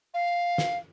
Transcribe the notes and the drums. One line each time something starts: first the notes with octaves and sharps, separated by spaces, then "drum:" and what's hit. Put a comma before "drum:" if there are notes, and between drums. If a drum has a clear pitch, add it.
F5
drum: snare